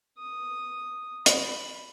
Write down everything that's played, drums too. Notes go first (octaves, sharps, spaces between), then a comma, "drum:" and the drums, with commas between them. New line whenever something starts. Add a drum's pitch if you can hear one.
D#6
B5, drum: hi-hat